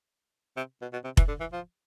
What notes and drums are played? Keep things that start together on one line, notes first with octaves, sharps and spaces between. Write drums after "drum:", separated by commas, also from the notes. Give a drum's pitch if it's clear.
C3
B2
B2
C3
E3, drum: kick F1
D3
E3
F3